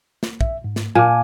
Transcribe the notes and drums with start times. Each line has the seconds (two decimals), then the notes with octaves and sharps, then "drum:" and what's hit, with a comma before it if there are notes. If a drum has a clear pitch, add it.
0.23 drum: snare
0.41 E5, drum: kick
0.64 G#2
0.76 drum: snare
0.95 A#2 G#5 A5 D6